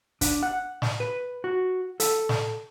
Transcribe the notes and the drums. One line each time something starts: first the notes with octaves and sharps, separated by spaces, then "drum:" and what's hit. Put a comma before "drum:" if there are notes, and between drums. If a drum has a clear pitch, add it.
D4, drum: kick, hi-hat
F#5
drum: snare
B4
F#4
A4, drum: hi-hat
drum: snare